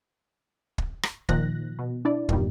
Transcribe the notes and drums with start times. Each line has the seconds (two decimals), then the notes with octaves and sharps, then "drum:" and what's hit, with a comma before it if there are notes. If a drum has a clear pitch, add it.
0.78 drum: kick
1.03 drum: rim click
1.29 A#2 D#3 F3 F#6 A#6, drum: kick
1.79 B2
2.05 D4 E4 D5
2.29 E2 G2 A#2 D#3 G3, drum: kick